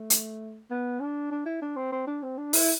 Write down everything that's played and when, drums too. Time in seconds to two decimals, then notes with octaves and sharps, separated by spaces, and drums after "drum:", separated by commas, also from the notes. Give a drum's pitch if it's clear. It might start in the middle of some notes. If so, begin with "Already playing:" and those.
Already playing: A3
0.10 drum: hi-hat
0.70 B3
1.00 D4
1.31 D4
1.46 E4
1.62 D4
1.76 C4
1.92 C4
2.07 D4
2.23 C4
2.37 D4
2.53 E4, drum: open hi-hat